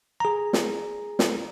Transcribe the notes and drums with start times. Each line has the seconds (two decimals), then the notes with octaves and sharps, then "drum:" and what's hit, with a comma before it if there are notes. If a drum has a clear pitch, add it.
0.20 G#4 A#5
0.53 drum: snare
1.19 drum: snare